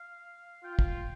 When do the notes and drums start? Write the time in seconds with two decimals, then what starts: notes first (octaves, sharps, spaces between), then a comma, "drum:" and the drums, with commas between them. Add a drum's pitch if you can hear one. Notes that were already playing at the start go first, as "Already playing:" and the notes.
Already playing: F5
0.64 F4 G5
0.79 drum: kick